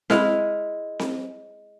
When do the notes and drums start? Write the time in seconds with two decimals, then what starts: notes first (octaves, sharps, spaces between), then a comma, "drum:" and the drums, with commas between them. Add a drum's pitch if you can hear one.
0.10 G#3 E4 F5, drum: snare C4
0.99 drum: snare C4